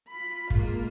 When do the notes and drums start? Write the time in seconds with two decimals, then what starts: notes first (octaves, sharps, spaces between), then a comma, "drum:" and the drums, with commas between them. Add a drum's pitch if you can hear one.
0.11 F4 B5
0.50 G#3 A#3 F4, drum: kick